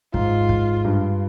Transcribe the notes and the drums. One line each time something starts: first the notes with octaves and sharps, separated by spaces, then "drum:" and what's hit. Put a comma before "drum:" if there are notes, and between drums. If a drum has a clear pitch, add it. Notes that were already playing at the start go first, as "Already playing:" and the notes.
G#2 F4, drum: kick
drum: kick
G2